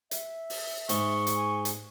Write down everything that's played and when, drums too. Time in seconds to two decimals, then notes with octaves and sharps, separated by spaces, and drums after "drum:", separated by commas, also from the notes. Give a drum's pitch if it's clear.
0.11 E5, drum: hi-hat
0.50 drum: open hi-hat
0.89 G#2 G#3 C#6, drum: hi-hat
1.27 drum: hi-hat
1.36 G#5
1.65 drum: hi-hat